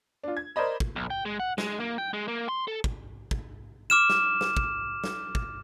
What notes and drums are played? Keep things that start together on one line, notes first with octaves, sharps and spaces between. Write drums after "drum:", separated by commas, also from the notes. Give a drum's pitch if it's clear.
D4 F4
G#6
A#4 C5 D5 D#5 B5
drum: kick
B1
G5
G#3
F#5
G#3, drum: snare
A#3
G5
G#3
A#3
C6
A4
drum: kick
drum: kick
D6 F6 E7
drum: snare
drum: snare
drum: kick
drum: snare
drum: kick